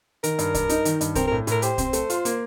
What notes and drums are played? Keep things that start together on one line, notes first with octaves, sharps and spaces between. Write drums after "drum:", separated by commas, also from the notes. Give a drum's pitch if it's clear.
D#3 A#4, drum: hi-hat
G2, drum: hi-hat
G2, drum: kick, hi-hat
D#4, drum: hi-hat
D#3, drum: hi-hat
G2, drum: hi-hat
C4 A#4, drum: kick, hi-hat
A2 A#4
A2 A#4, drum: hi-hat
G4 C5, drum: hi-hat
C4, drum: kick, hi-hat
A3, drum: hi-hat
F4, drum: hi-hat
A#3, drum: hi-hat